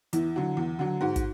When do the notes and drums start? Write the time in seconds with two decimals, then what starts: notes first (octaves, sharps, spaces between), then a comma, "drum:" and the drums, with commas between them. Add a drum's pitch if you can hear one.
0.13 E2 E4, drum: hi-hat
0.36 D3 F#3
0.57 E2
0.79 D3 F#3
1.01 G#2 F#4
1.16 drum: kick, hi-hat